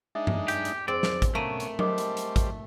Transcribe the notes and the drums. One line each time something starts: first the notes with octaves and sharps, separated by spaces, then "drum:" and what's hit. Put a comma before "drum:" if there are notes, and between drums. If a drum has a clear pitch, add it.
G#3 D4 D#4 E5
drum: tom G2
G4, drum: hi-hat
drum: hi-hat
F2 C4 G#4 C5 D5
drum: snare
drum: kick A1, hi-hat
B2 A3 A#3 C#4 D7 D#7
drum: hi-hat
G3 A#4 C5 D#5 D6, drum: tom F#3
drum: hi-hat
drum: hi-hat
drum: kick A1, hi-hat